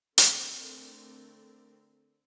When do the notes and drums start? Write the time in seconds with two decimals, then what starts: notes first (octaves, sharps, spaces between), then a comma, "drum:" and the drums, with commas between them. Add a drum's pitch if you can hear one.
0.18 D3 A3 C4 A#4, drum: hi-hat